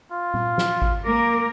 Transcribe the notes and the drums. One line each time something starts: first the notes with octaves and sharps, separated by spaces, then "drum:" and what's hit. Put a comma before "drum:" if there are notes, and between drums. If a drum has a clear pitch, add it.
F4
drum: tom A#2
drum: snare
drum: kick G#1
A#3 A#4 D6